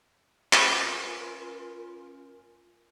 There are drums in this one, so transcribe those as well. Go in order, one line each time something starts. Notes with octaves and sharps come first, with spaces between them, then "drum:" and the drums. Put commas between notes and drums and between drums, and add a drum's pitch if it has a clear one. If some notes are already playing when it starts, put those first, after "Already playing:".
C#4 F4 A#4 B4 G#5, drum: clap